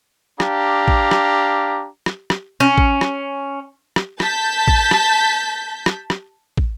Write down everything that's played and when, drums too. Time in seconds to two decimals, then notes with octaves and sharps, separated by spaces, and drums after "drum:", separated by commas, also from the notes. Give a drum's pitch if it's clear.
0.40 D4 G4 F5 A#5, drum: rim click
0.88 drum: kick
1.11 drum: rim click
2.06 drum: rim click
2.30 drum: rim click
2.60 C#4
2.78 drum: kick
3.01 drum: rim click
3.96 drum: rim click
4.20 A5 G6 B6, drum: rim click
4.68 drum: kick
4.91 drum: rim click
5.86 drum: rim click
6.10 drum: rim click
6.57 drum: kick